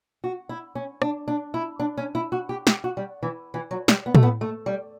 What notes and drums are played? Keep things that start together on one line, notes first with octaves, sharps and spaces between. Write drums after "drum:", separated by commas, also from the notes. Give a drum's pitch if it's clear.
F#4
E4
C#4
D4, drum: rim click
D4
E4
D4
C#4
E4
F#4
G4
G4, drum: snare
F#4
G3
E3
E3
F#3
G3, drum: snare
B3
A3, drum: tom
B3
A3
G3